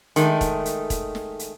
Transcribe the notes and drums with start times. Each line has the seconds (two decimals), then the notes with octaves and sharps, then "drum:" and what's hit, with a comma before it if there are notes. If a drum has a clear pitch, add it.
0.16 D#3 G#3 A3, drum: hi-hat
0.41 drum: kick E1, hi-hat
0.65 drum: hi-hat
0.90 drum: kick E1, hi-hat
1.15 drum: snare
1.39 drum: hi-hat